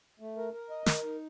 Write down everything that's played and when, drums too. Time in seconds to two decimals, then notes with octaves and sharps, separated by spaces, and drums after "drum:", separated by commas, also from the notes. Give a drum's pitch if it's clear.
0.20 A3
0.37 A#4
0.53 A#4
0.70 D#5
0.86 A#4, drum: snare
1.04 D#4